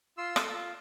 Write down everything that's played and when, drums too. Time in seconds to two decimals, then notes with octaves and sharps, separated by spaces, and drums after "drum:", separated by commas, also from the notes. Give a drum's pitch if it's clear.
0.17 F4 C6 E6
0.36 A4, drum: rim click
0.54 F4